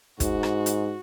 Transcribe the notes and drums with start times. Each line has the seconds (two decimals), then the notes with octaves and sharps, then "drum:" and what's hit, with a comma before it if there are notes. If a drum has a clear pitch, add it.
0.20 G#2 F#4, drum: kick, hi-hat
0.43 drum: rim click
0.66 drum: hi-hat